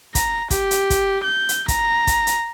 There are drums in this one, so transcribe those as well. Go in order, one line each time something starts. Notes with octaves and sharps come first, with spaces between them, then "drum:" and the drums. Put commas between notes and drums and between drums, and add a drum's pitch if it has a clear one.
A#5, drum: kick, hi-hat
G4, drum: kick, hi-hat
drum: hi-hat
drum: kick, hi-hat
G6
drum: hi-hat
A#5, drum: kick, hi-hat
drum: kick, hi-hat
drum: hi-hat